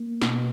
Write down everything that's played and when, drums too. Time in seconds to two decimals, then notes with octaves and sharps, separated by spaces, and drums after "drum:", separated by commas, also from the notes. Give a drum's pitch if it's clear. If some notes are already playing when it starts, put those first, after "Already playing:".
Already playing: A#3
0.22 B2, drum: snare